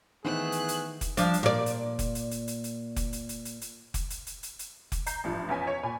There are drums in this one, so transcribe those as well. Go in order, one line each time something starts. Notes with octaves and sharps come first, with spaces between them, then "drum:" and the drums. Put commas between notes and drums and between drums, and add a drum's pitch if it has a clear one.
D#3 E3 A3 B3 G#4 C5 F#6
drum: hi-hat
drum: hi-hat
drum: kick F1, hi-hat
F3 D4, drum: hi-hat
drum: hi-hat
A#2 D5
drum: hi-hat
drum: kick F1, hi-hat
drum: hi-hat
drum: hi-hat
drum: hi-hat
drum: hi-hat
drum: kick F1, hi-hat
drum: hi-hat
drum: hi-hat
drum: hi-hat
drum: hi-hat
drum: kick F1, hi-hat
drum: hi-hat
drum: hi-hat
drum: hi-hat
drum: hi-hat
drum: kick F1, hi-hat
A#5 G6 C7, drum: hi-hat
A1 G2 F3
E2 B3 C#4 G#5 B6
C#5
A#2 G#5 B5